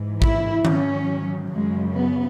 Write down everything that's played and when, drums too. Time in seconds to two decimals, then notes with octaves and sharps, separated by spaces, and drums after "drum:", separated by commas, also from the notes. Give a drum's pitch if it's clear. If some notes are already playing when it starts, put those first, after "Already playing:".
Already playing: G#2 E3
0.22 E4, drum: kick A1
0.65 G#2 F#3 C#4, drum: tom D#3
1.51 F#2 C#3 F#3 G#3
1.94 B3